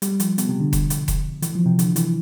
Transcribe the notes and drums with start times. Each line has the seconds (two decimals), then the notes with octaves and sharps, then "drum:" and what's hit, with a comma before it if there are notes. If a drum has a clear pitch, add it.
0.02 G3, drum: hi-hat
0.20 F3, drum: hi-hat
0.38 B2, drum: hi-hat
0.49 C3
0.60 D3
0.73 drum: kick E1, hi-hat
0.90 drum: hi-hat
1.08 drum: kick E1, hi-hat
1.42 E3, drum: hi-hat
1.55 F3
1.66 C3
1.79 D3, drum: hi-hat
1.96 E3, drum: hi-hat